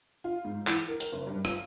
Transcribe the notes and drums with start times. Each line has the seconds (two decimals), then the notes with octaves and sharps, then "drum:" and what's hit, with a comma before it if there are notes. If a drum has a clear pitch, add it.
0.24 F4
0.45 G#2
0.67 E3, drum: clap
0.88 A#4
1.00 A#4, drum: hi-hat
1.12 F#1
1.27 G2
1.45 F4, drum: rim click